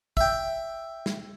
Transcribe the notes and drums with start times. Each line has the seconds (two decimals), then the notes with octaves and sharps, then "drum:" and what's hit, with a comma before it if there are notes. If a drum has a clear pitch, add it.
0.17 E5 G5, drum: kick
1.06 drum: snare